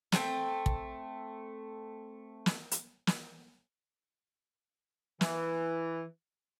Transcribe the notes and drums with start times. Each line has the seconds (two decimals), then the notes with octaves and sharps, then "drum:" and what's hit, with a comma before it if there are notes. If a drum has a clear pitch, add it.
0.12 A3 C4 F#5 G5, drum: snare
0.66 drum: kick
2.46 drum: snare
2.71 drum: hi-hat
3.07 drum: snare
5.21 E3, drum: snare